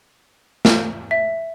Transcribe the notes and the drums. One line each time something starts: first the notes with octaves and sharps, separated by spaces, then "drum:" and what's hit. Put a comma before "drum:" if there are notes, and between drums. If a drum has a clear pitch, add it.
drum: snare
E5